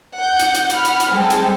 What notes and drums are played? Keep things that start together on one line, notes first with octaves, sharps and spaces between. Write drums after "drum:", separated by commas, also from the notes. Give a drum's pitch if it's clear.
F#5 G6
drum: hi-hat
drum: hi-hat
F#5 B5 F6, drum: hi-hat
drum: hi-hat
drum: hi-hat
G3 G#3 C4 G#4 A4
drum: hi-hat